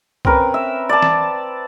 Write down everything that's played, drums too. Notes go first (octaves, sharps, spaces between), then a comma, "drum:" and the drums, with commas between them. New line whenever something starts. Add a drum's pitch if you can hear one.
C4 C#4 A#4 B4, drum: kick
E5
D5 A5
drum: snare